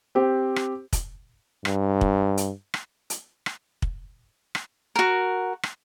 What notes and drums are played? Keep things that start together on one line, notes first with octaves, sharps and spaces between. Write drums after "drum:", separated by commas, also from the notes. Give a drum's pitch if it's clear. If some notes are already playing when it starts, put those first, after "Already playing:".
C4 G4
drum: rim click
drum: kick, hi-hat
G2, drum: rim click
drum: kick
drum: hi-hat
drum: rim click
drum: hi-hat
drum: rim click
drum: kick
drum: rim click
F#4 A#4
drum: rim click